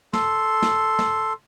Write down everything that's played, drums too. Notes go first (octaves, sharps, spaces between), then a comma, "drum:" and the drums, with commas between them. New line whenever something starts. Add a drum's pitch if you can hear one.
A4 C6, drum: snare
drum: snare
drum: snare